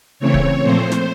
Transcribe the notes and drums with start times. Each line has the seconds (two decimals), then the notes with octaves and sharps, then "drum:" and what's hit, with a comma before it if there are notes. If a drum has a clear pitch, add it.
0.19 C#3 E3 A3 C4 C#5
0.34 drum: kick
0.63 A#2 F3 A3 C4 C5
0.92 drum: snare